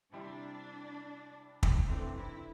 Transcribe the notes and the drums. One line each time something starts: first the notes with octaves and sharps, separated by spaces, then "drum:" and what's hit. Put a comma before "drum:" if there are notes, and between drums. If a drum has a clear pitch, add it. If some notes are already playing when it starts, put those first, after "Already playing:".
C3 G3 C4 D4 E4 G4
drum: kick
C3 E3 A3 C4 D4
E4